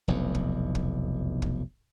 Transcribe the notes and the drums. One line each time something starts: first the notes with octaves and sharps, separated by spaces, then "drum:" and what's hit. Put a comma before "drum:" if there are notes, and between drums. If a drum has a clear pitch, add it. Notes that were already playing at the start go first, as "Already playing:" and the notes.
F1 B1 E2
drum: kick
drum: kick
drum: kick